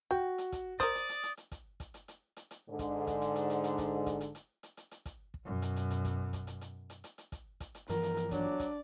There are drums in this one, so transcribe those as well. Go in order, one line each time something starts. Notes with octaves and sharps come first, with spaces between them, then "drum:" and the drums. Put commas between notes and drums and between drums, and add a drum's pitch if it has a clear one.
F#4 G5
drum: hi-hat
drum: kick, hi-hat
A#4 C5 D5 D#6, drum: kick, hi-hat
drum: hi-hat
drum: hi-hat
drum: hi-hat
drum: hi-hat
drum: kick, hi-hat
drum: kick, hi-hat
drum: hi-hat
drum: hi-hat
drum: hi-hat
drum: hi-hat
G#2 D3
drum: kick, hi-hat
drum: kick, hi-hat
drum: hi-hat
drum: hi-hat
drum: hi-hat
drum: hi-hat
drum: kick, hi-hat
drum: kick, hi-hat
drum: hi-hat
drum: hi-hat
drum: hi-hat
drum: hi-hat
drum: hi-hat
drum: kick, hi-hat
drum: kick
F#2 B2
drum: hi-hat
drum: hi-hat
drum: hi-hat
drum: kick, hi-hat
drum: kick, hi-hat
drum: hi-hat
drum: hi-hat
drum: hi-hat
drum: hi-hat
drum: hi-hat
drum: kick, hi-hat
drum: kick, hi-hat
drum: hi-hat
G2 E3 F3 A#4, drum: hi-hat
drum: hi-hat
drum: hi-hat
F#3 D4 D5, drum: kick, hi-hat
drum: kick, hi-hat